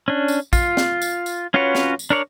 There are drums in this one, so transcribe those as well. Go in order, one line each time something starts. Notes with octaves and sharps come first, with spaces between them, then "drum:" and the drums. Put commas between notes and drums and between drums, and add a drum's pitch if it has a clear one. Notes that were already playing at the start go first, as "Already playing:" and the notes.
C#4 D4
drum: tambourine
F4, drum: kick, tambourine
drum: snare
drum: tambourine
drum: tambourine
C#4 F4 F#4 B4 C#5
drum: snare
drum: tambourine
D4 A#4 C#5 D5